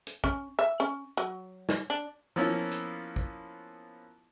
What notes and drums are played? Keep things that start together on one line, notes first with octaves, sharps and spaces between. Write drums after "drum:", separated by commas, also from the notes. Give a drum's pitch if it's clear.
drum: hi-hat
C#4, drum: kick
E5
C#4
F#3
drum: snare
D4
F3 A#3 B3 C#4 E4 F4
drum: hi-hat
drum: kick